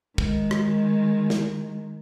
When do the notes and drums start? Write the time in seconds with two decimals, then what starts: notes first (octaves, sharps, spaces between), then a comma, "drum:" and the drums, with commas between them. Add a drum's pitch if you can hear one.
0.18 D#3 G#3, drum: kick
0.51 drum: rim click
1.30 drum: snare